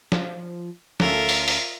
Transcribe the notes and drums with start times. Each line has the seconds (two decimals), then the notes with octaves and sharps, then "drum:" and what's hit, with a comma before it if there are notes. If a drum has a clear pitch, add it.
0.12 F3, drum: snare
1.00 D2 C#4 F4 A4 A#4 E5, drum: snare
1.29 drum: open hi-hat
1.48 drum: open hi-hat